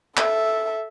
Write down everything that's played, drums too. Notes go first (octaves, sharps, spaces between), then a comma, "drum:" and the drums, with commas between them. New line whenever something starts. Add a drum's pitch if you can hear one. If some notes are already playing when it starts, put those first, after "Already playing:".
A4 E5, drum: clap